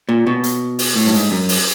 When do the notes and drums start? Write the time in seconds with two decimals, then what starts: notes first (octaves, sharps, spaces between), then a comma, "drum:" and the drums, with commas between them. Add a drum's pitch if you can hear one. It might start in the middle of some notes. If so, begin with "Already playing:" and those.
0.09 A#2
0.27 B2
0.44 drum: hi-hat
0.79 drum: open hi-hat
0.96 A2
1.06 G2
1.14 G#2, drum: hi-hat
1.31 F#2
1.49 drum: open hi-hat